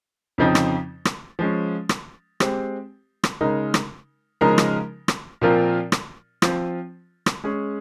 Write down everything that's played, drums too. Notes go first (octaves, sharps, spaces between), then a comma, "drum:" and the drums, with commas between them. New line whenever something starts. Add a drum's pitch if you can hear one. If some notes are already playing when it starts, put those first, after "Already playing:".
F2 C#3 F3 C4 D#4
drum: rim click
drum: rim click
F3 G#3 C#4
drum: rim click
G#3 C4 G4 C5, drum: rim click
drum: rim click
C#3 G#3 D#4 A#4
drum: rim click
C#3 F3 G#3 D#4 A#4
drum: rim click
drum: rim click
A#2 F3 C4 F4 A#4
drum: rim click
F3 C4 F4 C5, drum: rim click
drum: rim click
G#3 C#4 G#4